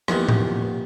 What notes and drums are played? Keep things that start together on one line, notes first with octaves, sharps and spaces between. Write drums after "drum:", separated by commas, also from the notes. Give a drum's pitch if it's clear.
E2 D#3 F3 A#3 B3 G4 A#4, drum: rim click
drum: tom A2